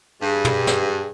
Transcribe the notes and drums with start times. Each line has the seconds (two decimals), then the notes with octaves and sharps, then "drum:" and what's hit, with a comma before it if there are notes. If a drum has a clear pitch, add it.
0.22 G2 G#4
0.45 drum: tom
0.67 drum: snare